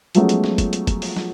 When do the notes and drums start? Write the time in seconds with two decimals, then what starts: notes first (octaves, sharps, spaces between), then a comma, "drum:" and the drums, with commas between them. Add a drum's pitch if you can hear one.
0.15 F3 F#3 G#3 A3 B3 C#4, drum: hi-hat
0.29 drum: hi-hat
0.44 drum: snare
0.58 drum: kick, hi-hat
0.73 drum: hi-hat
0.87 drum: kick, hi-hat
1.02 drum: open hi-hat
1.16 drum: snare